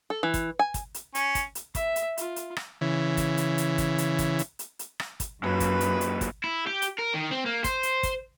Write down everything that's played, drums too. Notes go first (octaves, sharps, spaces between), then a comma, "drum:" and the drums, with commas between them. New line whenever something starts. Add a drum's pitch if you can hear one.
A4
E3
drum: kick, hi-hat
G#5
drum: kick, hi-hat
drum: hi-hat
C#4, drum: hi-hat
drum: kick, hi-hat
drum: hi-hat
E5, drum: kick, hi-hat
drum: hi-hat
F4, drum: hi-hat
drum: hi-hat
drum: rim click
C#3 E3
drum: kick, hi-hat
drum: hi-hat
drum: hi-hat
drum: kick, hi-hat
drum: hi-hat
drum: kick, hi-hat
drum: hi-hat
drum: hi-hat
drum: hi-hat
drum: rim click
drum: kick, hi-hat
F#2 A#2 F#3 B4
drum: kick, hi-hat
drum: hi-hat
drum: hi-hat
drum: kick, hi-hat
E4
G4
drum: hi-hat
A#4
D#3
C4
A#3
C5, drum: kick, hi-hat
drum: hi-hat
drum: kick, hi-hat